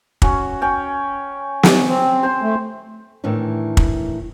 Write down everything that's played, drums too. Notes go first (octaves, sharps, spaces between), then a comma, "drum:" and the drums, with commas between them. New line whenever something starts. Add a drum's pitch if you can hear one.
C#4 F#4, drum: kick
C#4 G5
drum: snare
C4
C5 C6
A3
A2 D#3 E3 D4
drum: kick